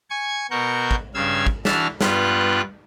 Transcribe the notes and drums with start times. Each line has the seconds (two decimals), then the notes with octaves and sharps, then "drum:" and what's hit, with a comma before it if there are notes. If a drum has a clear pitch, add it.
0.10 G#5 C#6 G#6
0.51 B2 F#4 A#4 C#6 G6
0.91 drum: kick
1.14 G2 C#3 F5 E6 G#6
1.47 drum: kick
1.65 E3 D4 F#4 E5 A5 F6, drum: snare
2.01 G2 G3 B3 F4 F#6, drum: snare